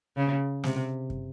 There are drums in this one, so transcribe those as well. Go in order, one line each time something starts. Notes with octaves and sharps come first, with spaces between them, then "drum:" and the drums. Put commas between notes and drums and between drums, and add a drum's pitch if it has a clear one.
C#3
C3, drum: snare
drum: kick